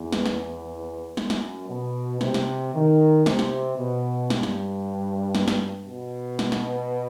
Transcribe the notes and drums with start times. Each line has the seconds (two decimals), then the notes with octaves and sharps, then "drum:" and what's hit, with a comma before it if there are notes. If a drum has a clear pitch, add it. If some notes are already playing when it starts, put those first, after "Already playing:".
Already playing: E2
0.12 drum: snare
0.26 drum: snare
1.17 F#2, drum: snare
1.30 drum: snare
1.69 B2
2.21 C3, drum: snare
2.34 drum: snare
2.74 D#3
3.26 C3, drum: snare
3.39 drum: snare
3.78 B2
4.30 G2, drum: snare
4.43 drum: snare
5.35 drum: snare
5.48 drum: snare
5.86 B2
6.39 drum: snare
6.52 drum: snare